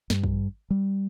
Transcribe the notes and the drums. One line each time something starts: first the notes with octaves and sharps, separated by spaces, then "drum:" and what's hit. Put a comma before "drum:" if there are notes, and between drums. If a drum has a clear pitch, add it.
G2, drum: snare
drum: kick
G3